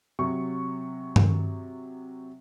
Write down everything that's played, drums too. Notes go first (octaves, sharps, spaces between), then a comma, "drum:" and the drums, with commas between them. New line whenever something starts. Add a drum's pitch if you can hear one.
C3 F#3 C#6
drum: tom G2